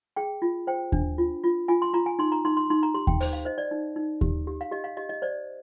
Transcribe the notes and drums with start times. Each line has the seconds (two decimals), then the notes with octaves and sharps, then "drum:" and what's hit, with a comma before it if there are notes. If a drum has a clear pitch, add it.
0.16 G#4 G5
0.42 F4
0.67 C5 G5
0.92 D4, drum: kick D#2
1.18 F4
1.44 F4
1.68 F4 G#5
1.82 C6
1.93 F4 A#5
2.06 G#5
2.19 D#4 C6
2.32 A#5
2.45 D#4 C6
2.57 C6
2.70 D#4 C6
2.83 A#5
2.94 G4 C6
3.07 G5, drum: kick D#2
3.21 C5, drum: open hi-hat
3.33 F5
3.45 C5 D#5
3.58 D5
3.71 D#4
3.96 D#4
4.21 G4, drum: kick D#2
4.47 G4
4.61 F5
4.71 G4 D#5
4.84 F5
4.97 G4 D#5
5.09 D#5
5.22 C5 D5